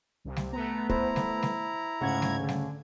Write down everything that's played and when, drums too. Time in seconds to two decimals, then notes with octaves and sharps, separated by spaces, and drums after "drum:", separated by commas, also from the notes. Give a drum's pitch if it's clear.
0.25 C2 C3
0.36 drum: snare G3
0.53 A3 B3 A#5
0.89 E4 C5 A#5, drum: kick
1.16 drum: snare G3
1.43 drum: snare G3
2.01 D2 G#2 C#3 F#5 G#6
2.22 drum: snare G3
2.39 D3
2.49 drum: snare G3